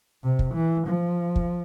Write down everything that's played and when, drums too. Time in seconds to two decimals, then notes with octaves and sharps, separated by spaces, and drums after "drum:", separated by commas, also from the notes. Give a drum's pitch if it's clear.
0.23 C3
0.39 drum: kick
0.55 E3
0.87 F3
1.36 drum: kick